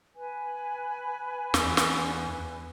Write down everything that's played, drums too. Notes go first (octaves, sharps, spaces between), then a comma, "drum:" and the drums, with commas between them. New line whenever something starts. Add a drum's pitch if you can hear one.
B4 G#5
E2, drum: snare
drum: snare